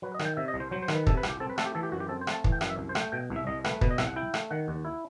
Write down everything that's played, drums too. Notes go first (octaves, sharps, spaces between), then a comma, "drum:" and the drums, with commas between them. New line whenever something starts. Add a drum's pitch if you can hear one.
F#3 B4
D#5
D#3, drum: rim click
G5
C3 E5
D#5
C2
C5
F#3 C5
C5
D#3, drum: rim click
B4
C3 A4, drum: kick
B4
C2, drum: rim click
G4
C4 A4
B4
A3 A4, drum: rim click
G4
E3 A4
G4
F#2 F#4
G4
C4 A4
C5
A3 A5, drum: rim click
E3, drum: kick
G5
F#2 F#5, drum: rim click
E5
C2
C5
A3, drum: rim click
G5
B2 G5
C2
E5
C2 D#5
A3 B4, drum: rim click
B2 B4, drum: kick
D#5
C2 E5, drum: rim click
F#5
E4 G5
A3, drum: rim click
D#3 F#5
D#2
E4